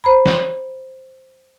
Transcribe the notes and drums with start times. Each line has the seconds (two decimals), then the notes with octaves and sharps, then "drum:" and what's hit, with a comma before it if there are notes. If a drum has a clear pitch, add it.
0.04 C5 A#5 B5
0.26 drum: snare